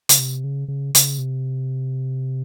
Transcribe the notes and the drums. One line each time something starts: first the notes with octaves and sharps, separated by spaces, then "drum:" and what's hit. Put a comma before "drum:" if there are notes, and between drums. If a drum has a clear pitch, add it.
C#3, drum: hi-hat
C3
C#3
C#3
C#3, drum: hi-hat
C3